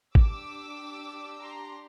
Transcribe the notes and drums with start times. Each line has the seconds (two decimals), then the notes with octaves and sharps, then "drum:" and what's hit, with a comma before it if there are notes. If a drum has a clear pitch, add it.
0.15 D4 G4 D6 E6, drum: kick G#1
1.40 A#5 C6